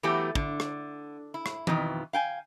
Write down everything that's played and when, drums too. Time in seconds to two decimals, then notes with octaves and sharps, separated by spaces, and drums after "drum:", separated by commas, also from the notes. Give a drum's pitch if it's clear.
0.03 E3 F#3 A3 B3 E4 G4
0.35 D3, drum: kick
0.60 drum: rim click
1.34 E4
1.46 drum: rim click
1.67 F2 B2 D#3 E3, drum: tom E3
2.13 F5 G5 G#5